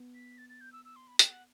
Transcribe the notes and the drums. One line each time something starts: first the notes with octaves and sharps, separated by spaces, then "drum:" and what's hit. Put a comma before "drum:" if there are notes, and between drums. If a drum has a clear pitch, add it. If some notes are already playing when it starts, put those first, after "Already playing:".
Already playing: B3
B6
A6
A6
G6
E6
E6
C6
B5
G5, drum: hi-hat
F#5